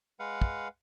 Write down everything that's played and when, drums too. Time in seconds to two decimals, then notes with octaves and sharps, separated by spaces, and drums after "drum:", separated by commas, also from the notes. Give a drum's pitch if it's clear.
0.20 G#3 B4 F5 F#5
0.42 drum: kick